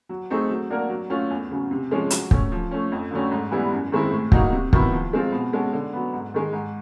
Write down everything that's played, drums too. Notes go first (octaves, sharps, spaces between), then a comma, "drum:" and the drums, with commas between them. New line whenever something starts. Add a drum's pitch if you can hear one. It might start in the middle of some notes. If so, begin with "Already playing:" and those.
F#3
A3 C4 D#4 G#4
F#3
A#3 D4 F#4 A#4
F#3
A3 C#4 F4
E2
C#3 F#3
C3
F3 G#3 C#4
F#3, drum: hi-hat
A3 C#4, drum: kick
F3
A3 C#4
F2
D3 F#3 A3 C#4
G#2
E3 G3 B3 E4
F#2
D#3 G#3 C4 E4
A2
F#3 A#3 D#4 F#4, drum: kick
C3
D#3 F#3 B3 E4, drum: kick
F3
G#3 C4 F4
B2
G#3 C#4 F#4 A4
D3
F#3 B3
G#2
D#3 G#3
G#2